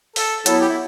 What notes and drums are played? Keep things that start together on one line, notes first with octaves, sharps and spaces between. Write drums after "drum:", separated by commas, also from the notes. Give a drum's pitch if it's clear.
A4, drum: open hi-hat
F#3 B3 E4 A4, drum: hi-hat
G4
E4